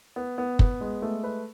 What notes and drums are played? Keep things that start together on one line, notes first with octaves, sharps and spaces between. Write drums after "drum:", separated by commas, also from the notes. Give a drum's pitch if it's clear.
B3
B3
B3, drum: kick
G#3
A3
B4